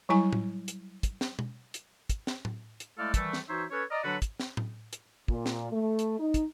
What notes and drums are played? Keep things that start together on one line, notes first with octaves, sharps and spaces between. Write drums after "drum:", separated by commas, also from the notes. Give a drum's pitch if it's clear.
F#3 G3 E4 G#5 C#6
drum: tom A2
drum: hi-hat
drum: kick, hi-hat
drum: snare
drum: tom B2
drum: hi-hat
drum: kick, hi-hat
drum: snare
drum: tom A2
drum: hi-hat
G#3 A3 E4 A4 D5 F5
D#3 E3 G3 A3, drum: kick, hi-hat
drum: snare
E3 D#4 F#4 C5 C#5 E5
C#4 A4 B4 C#5
D5 D#5 A#5
D3 F#3 D4 F#4 A4 B4
drum: kick, hi-hat
drum: snare
drum: tom A2
drum: hi-hat
A#2, drum: kick
drum: snare
A3
drum: hi-hat
D#4
drum: kick, hi-hat